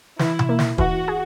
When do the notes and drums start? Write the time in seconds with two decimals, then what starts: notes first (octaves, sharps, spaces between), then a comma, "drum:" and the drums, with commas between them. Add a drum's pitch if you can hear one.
0.19 E3 E4, drum: snare
0.39 drum: tom B2
0.49 A#3
0.59 drum: snare
0.78 E3 F#4, drum: kick
1.08 G#4